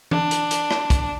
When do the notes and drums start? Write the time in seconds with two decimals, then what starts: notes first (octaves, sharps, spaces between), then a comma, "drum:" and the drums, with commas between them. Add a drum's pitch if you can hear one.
0.11 D4, drum: tom E3
0.31 drum: hi-hat
0.51 drum: hi-hat
0.71 drum: rim click
0.90 drum: kick, hi-hat